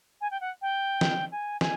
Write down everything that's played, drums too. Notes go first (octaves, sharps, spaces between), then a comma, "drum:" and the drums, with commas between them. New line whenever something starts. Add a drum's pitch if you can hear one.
G#5
G5
F#5
G5
drum: snare
G#5
G#5, drum: snare